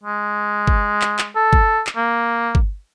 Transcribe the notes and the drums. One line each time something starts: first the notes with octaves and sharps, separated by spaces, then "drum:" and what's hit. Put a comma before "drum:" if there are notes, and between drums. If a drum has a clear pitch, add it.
G#3
drum: kick G1
drum: clap
drum: clap
A4
drum: kick G1
drum: clap
A#3
drum: kick G1